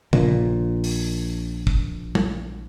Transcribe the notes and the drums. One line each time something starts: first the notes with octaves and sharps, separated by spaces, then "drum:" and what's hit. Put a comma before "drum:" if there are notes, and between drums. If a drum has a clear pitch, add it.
A#1 A#2, drum: tom
drum: open hi-hat
drum: kick
drum: tom